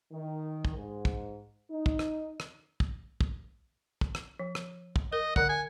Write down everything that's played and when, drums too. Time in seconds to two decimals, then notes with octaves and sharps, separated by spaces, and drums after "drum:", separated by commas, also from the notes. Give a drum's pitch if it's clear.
0.12 D#3
0.65 drum: kick
0.76 G#2
1.05 drum: kick
1.70 D#4
1.86 drum: kick
1.99 drum: rim click
2.40 drum: rim click
2.80 drum: kick
3.21 drum: kick
4.01 drum: kick
4.15 drum: rim click
4.39 F3
4.55 drum: rim click
4.96 drum: kick
5.13 A#4 D#5
5.36 D3 D5 F#5, drum: kick
5.49 G#5